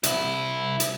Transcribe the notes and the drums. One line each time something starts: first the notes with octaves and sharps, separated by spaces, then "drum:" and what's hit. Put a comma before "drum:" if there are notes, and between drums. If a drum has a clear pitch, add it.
C2 E4, drum: hi-hat
drum: hi-hat